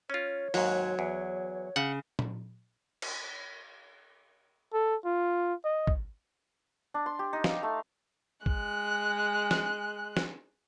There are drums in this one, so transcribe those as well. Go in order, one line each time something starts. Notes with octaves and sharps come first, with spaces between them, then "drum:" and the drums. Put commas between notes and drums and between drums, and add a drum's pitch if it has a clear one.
C#4 F4 C#5
D#2 G#2 F#3, drum: open hi-hat
E2
C#3 F#5
drum: tom A#2
drum: cymbal
A4
F4
D#5
drum: kick
D4
C6
G4
D#4
F5, drum: snare
A3
G#3 F#6, drum: kick
drum: snare
drum: snare